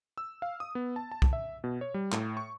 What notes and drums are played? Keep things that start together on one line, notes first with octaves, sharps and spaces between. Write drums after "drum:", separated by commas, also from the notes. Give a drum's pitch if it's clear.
E6
F5
D#6
B3
A5
A5
drum: kick C2
E5
B2
C#5
G3
A2, drum: clap
C#6